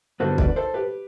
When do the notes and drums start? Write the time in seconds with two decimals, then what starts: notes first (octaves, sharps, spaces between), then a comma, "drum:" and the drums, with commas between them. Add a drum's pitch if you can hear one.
0.20 G2 D3 G3 B3 F#4 A4 C5
0.38 B4 D5, drum: kick
0.56 A4 C5
0.74 G4 B4